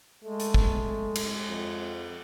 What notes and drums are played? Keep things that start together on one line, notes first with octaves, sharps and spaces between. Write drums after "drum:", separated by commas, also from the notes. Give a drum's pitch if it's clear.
G#3 A3
drum: hi-hat
drum: kick
drum: cymbal
F2